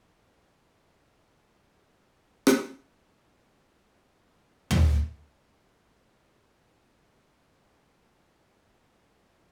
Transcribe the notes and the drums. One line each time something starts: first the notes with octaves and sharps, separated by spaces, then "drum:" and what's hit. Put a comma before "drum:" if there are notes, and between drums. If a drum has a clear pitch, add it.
G#4 G#5 A6
A#3 D4 F4 C#5 F#5 G5
G5 C#6
F#4 B4 A#6 D7
B3 D4 E4 G4 F6 D7
drum: rim click
F6 G6 B6 D#7 E7 G7
D#3 A3 E6
B4
C#6 F6 A#6 C7
D#4 G#4 C5 D#5 F5 G#5
D5 D6 G#6 C7 D#7
drum: tom
A#1 F#2 C3 G#3 A3 D#4 C5 D#6
A4
C3 F3 F#4
D#2 G6